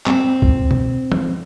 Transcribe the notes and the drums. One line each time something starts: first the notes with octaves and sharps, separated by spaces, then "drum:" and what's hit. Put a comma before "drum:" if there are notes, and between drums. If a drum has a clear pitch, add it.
C4, drum: clap
drum: kick C2
drum: tom B2
drum: tom